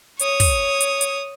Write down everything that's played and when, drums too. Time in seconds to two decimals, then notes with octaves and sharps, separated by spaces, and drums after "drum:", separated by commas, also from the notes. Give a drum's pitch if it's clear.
0.19 C#5 D#6, drum: hi-hat
0.40 drum: kick, open hi-hat
0.80 drum: hi-hat
1.01 drum: hi-hat